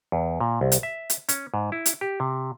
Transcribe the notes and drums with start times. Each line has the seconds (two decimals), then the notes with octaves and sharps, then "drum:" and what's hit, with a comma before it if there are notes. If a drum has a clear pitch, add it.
0.12 E2
0.40 A#2
0.61 C2
0.72 drum: hi-hat
0.83 E5
1.10 drum: hi-hat
1.29 C#4, drum: hi-hat
1.54 G#2
1.72 E4
1.86 drum: hi-hat
2.01 G4
2.20 C3